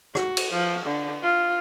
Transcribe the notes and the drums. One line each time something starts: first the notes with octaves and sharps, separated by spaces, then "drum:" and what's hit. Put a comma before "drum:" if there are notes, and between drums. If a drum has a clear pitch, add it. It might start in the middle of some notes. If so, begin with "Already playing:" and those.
F#4, drum: rim click
drum: cymbal
F3
D3
F4